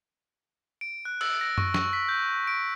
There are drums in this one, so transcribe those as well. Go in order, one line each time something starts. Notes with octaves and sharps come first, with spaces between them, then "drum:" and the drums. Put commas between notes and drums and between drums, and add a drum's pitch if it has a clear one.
D7
F#6
E6, drum: cymbal
A#6
C#6, drum: tom F#2
C#6, drum: snare
B6
G6
D7